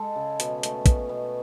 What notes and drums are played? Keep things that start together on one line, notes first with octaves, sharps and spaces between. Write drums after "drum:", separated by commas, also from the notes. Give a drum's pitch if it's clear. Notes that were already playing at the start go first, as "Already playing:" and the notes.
Already playing: G#3 A4
C#3
B2, drum: hi-hat
A3, drum: hi-hat
B2, drum: kick, hi-hat
B2